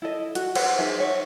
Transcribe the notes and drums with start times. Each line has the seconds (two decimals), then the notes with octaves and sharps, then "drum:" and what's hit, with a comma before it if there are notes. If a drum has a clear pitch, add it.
0.02 E4 A4 D#5
0.35 F#4, drum: hi-hat
0.55 B4 C5 F#5, drum: cymbal
0.79 D#4 G#4 C5 E5
1.00 C#5